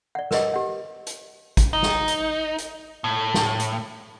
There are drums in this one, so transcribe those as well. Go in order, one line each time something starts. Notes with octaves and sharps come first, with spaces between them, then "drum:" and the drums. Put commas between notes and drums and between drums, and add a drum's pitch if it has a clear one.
D5 F#5
A#4 B4 D5 D#5 F#5, drum: snare
G4 F#5
drum: hi-hat
drum: kick G#1, hi-hat
D#4
drum: snare
drum: hi-hat
drum: hi-hat
A2
drum: snare
drum: hi-hat